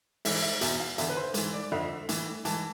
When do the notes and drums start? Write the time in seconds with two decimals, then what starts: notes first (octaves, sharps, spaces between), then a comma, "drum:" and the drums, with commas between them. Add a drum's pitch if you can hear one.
0.25 G#2 E3 E5, drum: open hi-hat
0.42 E5
0.61 E2 B2 E5, drum: hi-hat
0.80 F5
0.98 E2 D3 E5, drum: hi-hat
1.09 B4
1.17 C5
1.34 G#2 E3, drum: hi-hat
1.54 D5
1.72 F2 D3 E5
2.09 A2 E3, drum: hi-hat
2.45 G#2 E3 A5, drum: hi-hat